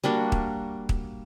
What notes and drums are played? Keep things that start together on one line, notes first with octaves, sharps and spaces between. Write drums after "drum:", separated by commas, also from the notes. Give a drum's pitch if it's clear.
G3 A#3 D4 F#4
drum: kick
drum: kick